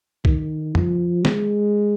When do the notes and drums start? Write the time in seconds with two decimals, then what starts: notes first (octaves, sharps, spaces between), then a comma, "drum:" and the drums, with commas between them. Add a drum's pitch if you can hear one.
0.25 D#3, drum: kick
0.75 F3, drum: tom
1.25 G#3, drum: snare